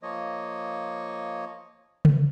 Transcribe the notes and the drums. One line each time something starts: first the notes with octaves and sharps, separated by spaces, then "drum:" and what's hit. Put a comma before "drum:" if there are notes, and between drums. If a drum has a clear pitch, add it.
F3 A#3 C#5 D#5
drum: tom C#3